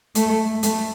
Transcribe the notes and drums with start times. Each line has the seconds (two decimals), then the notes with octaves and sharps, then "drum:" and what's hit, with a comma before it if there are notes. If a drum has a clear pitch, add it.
0.15 A3, drum: hi-hat
0.63 A3, drum: hi-hat